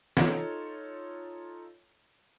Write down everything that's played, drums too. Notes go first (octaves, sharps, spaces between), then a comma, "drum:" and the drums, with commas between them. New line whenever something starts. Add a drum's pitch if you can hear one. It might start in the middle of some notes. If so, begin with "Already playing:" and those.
D#4 F4 A4 C#5, drum: snare